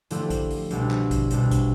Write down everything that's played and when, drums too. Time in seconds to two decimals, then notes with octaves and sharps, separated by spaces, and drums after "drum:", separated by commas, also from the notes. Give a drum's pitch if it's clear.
0.11 D3 F3 A3 E4 G4, drum: hi-hat
0.30 drum: kick, hi-hat
0.50 drum: open hi-hat
0.71 C2 B2 G3 D4, drum: hi-hat
0.91 drum: clap
1.11 drum: kick, hi-hat
1.31 C2 B2 G3 D4, drum: hi-hat
1.51 drum: kick, hi-hat